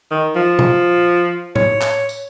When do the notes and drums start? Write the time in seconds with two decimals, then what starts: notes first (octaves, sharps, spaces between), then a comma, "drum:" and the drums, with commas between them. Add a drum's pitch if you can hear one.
0.11 D#3
0.36 F3
0.59 drum: tom A#2
1.56 C#5, drum: tom A2
1.82 drum: clap
2.09 drum: tambourine